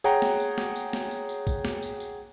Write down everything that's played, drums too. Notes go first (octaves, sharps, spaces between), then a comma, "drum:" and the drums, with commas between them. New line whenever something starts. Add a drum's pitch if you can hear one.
G#4 C#5 F#5 G5 A#5, drum: tambourine
drum: snare
drum: tambourine
drum: snare
drum: tambourine
drum: snare
drum: tambourine
drum: tambourine
drum: kick A#1, tambourine
drum: snare
drum: tambourine
drum: tambourine